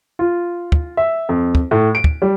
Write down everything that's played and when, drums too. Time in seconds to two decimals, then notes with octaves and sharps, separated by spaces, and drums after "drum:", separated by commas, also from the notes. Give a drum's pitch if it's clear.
0.19 F4
0.72 drum: kick
0.97 E5
1.29 F2
1.55 drum: kick
1.71 A2
1.95 D7
2.04 drum: kick
2.22 G3